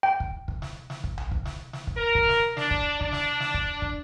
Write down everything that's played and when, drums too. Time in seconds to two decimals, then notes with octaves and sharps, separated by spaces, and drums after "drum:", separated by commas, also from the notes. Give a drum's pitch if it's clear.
0.03 G5
0.20 drum: kick
0.48 drum: kick
0.62 drum: snare
0.90 drum: snare
1.04 drum: kick
1.18 drum: tom C2
1.32 drum: kick
1.45 drum: snare
1.73 drum: snare
1.87 drum: kick
1.97 A#4
2.15 drum: kick
2.29 drum: snare
2.57 D4, drum: snare
2.71 drum: kick
3.01 D4, drum: kick
3.12 drum: snare
3.40 drum: snare
3.54 drum: kick
3.82 drum: kick